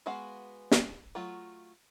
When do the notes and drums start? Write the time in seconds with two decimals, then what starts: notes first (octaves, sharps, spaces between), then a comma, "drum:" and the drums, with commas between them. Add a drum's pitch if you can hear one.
0.06 G#3 B3 F#4 F5
0.71 drum: snare
1.15 F#3 A3 F4